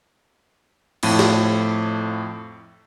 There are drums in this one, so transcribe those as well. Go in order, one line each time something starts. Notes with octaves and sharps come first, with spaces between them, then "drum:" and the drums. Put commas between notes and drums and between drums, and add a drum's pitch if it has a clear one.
F2 A2 F3 D#7, drum: cymbal
drum: snare